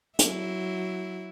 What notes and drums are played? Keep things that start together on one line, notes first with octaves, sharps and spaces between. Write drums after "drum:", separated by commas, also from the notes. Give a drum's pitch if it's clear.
F#3 E4, drum: hi-hat